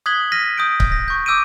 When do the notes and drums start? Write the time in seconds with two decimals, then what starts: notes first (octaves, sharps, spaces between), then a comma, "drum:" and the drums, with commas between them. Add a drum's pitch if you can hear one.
0.06 D#6 F#6 G#6 B6 F#7 G7
0.32 F6 A#6 B6 D#7
0.58 D#6 G6 D7
0.80 drum: kick C#1
0.92 A#6
1.08 C#6 G6
1.26 D6 E6 G6 D7 D#7